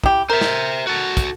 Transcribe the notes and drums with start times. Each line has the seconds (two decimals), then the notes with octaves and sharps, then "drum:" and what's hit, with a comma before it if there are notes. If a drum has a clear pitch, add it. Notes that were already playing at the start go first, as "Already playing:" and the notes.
0.04 E4 G4, drum: kick
0.30 A#4 C5 E5
0.41 drum: snare
0.87 F#4 A4
1.17 drum: kick, hi-hat